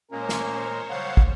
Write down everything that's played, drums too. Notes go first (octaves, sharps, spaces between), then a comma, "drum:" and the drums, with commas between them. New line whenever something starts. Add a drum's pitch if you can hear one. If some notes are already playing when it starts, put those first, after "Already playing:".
A#2 G#3 A#3 C#4 A#4 C5 C#5
drum: snare
C#3 F#3 G3 F5 F#5
drum: kick